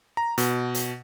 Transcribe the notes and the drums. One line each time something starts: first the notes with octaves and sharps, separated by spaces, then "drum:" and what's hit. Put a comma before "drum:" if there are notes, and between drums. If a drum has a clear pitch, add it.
A#5
B2, drum: hi-hat
drum: hi-hat